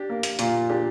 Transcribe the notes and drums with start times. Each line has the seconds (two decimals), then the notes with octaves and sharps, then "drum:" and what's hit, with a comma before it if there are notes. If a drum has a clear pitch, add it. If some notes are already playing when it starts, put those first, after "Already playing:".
Already playing: D4 G4
0.10 A#3
0.23 drum: hi-hat
0.39 A#2 F4, drum: hi-hat
0.70 D4 G4